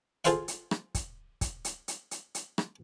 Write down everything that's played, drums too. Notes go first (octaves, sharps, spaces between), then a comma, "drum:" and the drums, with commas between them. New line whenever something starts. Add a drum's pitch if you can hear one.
F4 G#4 A4 C5 F5 F#5, drum: hi-hat
drum: hi-hat
drum: rim click
drum: kick, hi-hat
drum: kick, hi-hat
drum: hi-hat
drum: hi-hat
drum: hi-hat
drum: hi-hat
drum: rim click